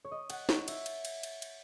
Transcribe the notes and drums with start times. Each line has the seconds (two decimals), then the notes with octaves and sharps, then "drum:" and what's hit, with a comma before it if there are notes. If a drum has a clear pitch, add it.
0.05 C#5
0.11 D#5
0.30 F#5, drum: cymbal
0.49 C#5, drum: snare
0.68 E5, drum: cymbal
0.86 drum: cymbal
1.05 drum: cymbal
1.23 drum: cymbal
1.42 drum: cymbal